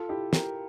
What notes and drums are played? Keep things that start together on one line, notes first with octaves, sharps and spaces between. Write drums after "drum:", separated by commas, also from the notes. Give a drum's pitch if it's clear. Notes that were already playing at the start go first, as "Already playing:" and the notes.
Already playing: F4 A4
E4 G4
G4 A#4, drum: snare